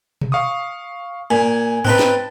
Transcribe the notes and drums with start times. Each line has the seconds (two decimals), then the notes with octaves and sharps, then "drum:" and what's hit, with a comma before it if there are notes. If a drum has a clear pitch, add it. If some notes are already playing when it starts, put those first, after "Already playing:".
0.21 drum: tom B2
0.32 F5 C#6 D#6
1.31 A#2 G#5
1.85 C4 D#4 B4 A5 F#6, drum: tom G#2
1.99 drum: snare